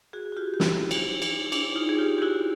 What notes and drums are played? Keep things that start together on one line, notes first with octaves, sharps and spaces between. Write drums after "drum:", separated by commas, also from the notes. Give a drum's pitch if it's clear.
F#4 G#4
F#4
F4 G4
G4
E4 F#4, drum: snare
drum: cymbal
drum: cymbal
D4 E4, drum: cymbal
D#4 F4
G#4
F4 G4
G4
E4 F#4